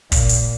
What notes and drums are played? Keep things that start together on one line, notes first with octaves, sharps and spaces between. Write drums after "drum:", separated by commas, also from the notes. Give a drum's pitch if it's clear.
A#2, drum: kick, hi-hat
drum: hi-hat